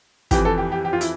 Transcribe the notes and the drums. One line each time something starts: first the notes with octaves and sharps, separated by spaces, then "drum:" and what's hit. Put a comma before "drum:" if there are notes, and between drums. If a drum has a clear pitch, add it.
F2 E3 G4, drum: kick, hi-hat
A4
G4
G4
G4
F4
E4, drum: hi-hat